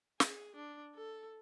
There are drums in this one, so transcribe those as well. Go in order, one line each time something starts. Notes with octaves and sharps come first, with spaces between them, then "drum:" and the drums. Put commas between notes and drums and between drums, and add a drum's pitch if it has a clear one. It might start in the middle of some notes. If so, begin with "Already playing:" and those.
G#4, drum: snare
D4
A4